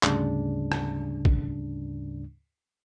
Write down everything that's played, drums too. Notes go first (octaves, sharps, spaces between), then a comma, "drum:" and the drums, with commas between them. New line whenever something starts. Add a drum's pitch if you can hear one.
D2 G#2 C#3 G3 D4, drum: clap
drum: rim click
drum: kick